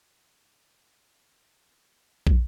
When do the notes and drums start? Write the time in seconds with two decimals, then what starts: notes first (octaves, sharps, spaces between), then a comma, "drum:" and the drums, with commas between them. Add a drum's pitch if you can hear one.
0.05 G1 F2 D3 F#4 C6 D6
2.27 drum: kick